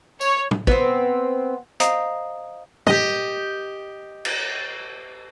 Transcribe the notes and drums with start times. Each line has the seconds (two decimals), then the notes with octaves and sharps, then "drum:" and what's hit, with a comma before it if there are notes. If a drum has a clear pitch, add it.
0.21 C#5, drum: tambourine
0.51 drum: tom
0.67 B3 C4, drum: kick
1.80 C5 D#5 F5 A#5 D#6, drum: hi-hat
2.87 G4 D#5, drum: tom
4.25 drum: cymbal